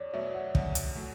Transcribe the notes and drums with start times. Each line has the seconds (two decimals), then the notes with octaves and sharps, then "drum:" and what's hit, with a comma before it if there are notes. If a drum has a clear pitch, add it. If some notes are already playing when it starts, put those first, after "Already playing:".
Already playing: E2 C#5 D5
0.13 B2 F#3 A3 E5
0.34 F#5
0.55 E2 F#5, drum: kick
0.75 drum: hi-hat
0.96 F#3 A3